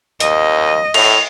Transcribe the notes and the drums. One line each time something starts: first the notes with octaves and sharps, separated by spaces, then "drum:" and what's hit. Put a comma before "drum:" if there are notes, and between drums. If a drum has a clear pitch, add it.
D#2 D#5, drum: hi-hat
A2 F7, drum: cymbal